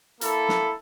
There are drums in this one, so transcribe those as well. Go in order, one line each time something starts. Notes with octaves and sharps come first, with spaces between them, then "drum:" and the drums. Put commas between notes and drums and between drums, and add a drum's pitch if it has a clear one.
A#3 E4 A4 B5, drum: hi-hat
drum: snare